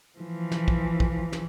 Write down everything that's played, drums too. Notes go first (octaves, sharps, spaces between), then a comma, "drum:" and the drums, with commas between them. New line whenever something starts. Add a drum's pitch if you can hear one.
E3 F3
drum: snare
drum: kick
drum: kick
drum: snare